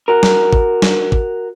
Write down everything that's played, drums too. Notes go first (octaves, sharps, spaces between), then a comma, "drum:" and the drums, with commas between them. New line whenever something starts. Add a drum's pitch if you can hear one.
F#4 A#4
drum: snare
drum: kick
drum: snare
drum: kick